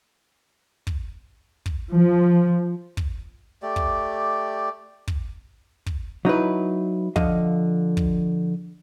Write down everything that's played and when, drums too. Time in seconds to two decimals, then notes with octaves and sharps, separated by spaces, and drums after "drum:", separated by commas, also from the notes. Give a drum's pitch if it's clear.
0.87 drum: kick
1.66 drum: kick
1.92 F3
2.97 drum: kick
3.62 A3 G4 D5
3.76 drum: kick
5.08 drum: kick
5.86 drum: kick
6.25 F#3 D#4 E4 B4
7.16 D3 F3 D#5 F5, drum: kick
7.97 drum: kick